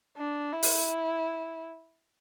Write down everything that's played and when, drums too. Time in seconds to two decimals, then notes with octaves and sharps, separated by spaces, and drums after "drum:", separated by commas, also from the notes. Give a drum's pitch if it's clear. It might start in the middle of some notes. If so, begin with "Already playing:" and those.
0.17 D4
0.52 E4
0.63 drum: open hi-hat